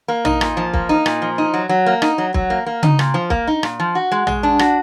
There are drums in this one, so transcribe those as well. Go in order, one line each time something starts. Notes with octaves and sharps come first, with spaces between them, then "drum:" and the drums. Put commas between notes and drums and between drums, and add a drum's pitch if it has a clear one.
A#3
D#4, drum: tom A#1
A#2, drum: rim click
F3
A#3, drum: kick B1
D#4
A#2, drum: rim click
F3
D#4
F#3
F#3
A#3
D#4, drum: rim click
F#3
F#3, drum: kick B1
A#3
A#3
D#4, drum: tom C#3
A#2, drum: rim click
F3
A#3, drum: kick B1
D#4
A#2, drum: rim click
F3
F#4
G#3
G#3, drum: tom A#1
D4
F#4, drum: rim click